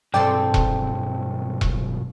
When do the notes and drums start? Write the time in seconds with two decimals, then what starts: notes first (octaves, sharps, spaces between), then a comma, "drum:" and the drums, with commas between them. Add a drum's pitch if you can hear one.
0.14 B1 G2 C4 A4 D5 G5
0.54 drum: kick E1
1.61 drum: kick E1